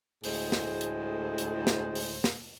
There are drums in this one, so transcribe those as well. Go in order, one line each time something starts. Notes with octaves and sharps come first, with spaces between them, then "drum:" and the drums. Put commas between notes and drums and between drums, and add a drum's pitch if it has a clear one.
D2 A2 G#3 G#4 C5, drum: open hi-hat
drum: snare
drum: hi-hat
drum: hi-hat
drum: snare
drum: open hi-hat
drum: snare